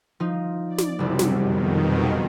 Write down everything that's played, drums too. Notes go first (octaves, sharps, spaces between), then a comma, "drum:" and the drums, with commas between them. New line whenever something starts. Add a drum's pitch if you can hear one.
F3 D#4
D5
drum: snare
F#1 C2 C3 F#3 G3
drum: snare
F2 B2 D#3